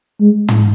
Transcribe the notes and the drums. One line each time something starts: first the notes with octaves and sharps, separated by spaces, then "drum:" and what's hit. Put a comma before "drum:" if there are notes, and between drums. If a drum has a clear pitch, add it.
G#3
drum: tom